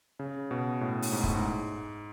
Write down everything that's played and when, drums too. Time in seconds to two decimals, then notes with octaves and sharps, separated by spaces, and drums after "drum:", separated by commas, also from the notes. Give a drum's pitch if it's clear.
0.19 C#3
0.51 B2
0.81 A2
1.02 drum: open hi-hat
1.12 G#2
1.24 A2, drum: kick
1.35 G#2